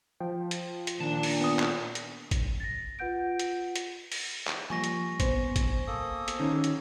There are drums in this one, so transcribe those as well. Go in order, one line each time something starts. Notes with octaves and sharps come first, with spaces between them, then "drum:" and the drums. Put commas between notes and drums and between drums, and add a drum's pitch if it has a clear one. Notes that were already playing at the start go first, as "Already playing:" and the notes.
F3 G5
drum: hi-hat
drum: hi-hat
A#2 D#3 D4 A5
drum: open hi-hat
B3 D#6
drum: clap
drum: hi-hat
drum: kick G#1, hi-hat
A6 A#6
F4 B4 F#5 G6 D7
drum: hi-hat
drum: hi-hat
drum: open hi-hat
drum: clap
F3 G3 A#3 G#5 C#6 A#6
drum: hi-hat
B3 C5, drum: kick G#1, hi-hat
drum: kick G#1, hi-hat
A#3 A4 D#6
drum: hi-hat
D#3 C#4
drum: hi-hat